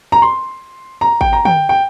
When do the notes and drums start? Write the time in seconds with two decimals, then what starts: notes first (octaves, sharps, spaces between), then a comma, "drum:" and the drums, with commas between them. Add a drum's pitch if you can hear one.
0.12 A#5
0.22 C6
1.01 A#5
1.21 G5, drum: kick G#1
1.33 A#5
1.45 G5, drum: tom
1.69 G5